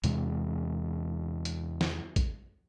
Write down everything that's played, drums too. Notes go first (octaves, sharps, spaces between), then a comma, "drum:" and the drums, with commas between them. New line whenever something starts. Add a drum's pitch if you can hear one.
E2 C3 E3 G#3, drum: hi-hat
drum: hi-hat
drum: snare
drum: kick, hi-hat